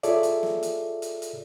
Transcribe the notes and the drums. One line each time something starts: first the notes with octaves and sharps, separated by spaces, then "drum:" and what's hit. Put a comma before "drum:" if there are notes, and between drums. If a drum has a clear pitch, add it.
F4 G#4 A4 C#5 D5 E5, drum: hi-hat
drum: hi-hat
drum: snare
drum: hi-hat
drum: hi-hat
drum: hi-hat